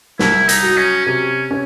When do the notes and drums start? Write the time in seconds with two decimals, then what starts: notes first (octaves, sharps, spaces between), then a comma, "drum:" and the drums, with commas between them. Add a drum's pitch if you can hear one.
0.19 C2 E4, drum: snare
0.49 D#4, drum: hi-hat
0.63 F#3
0.77 C#4
1.06 C3 C#4
1.51 C#4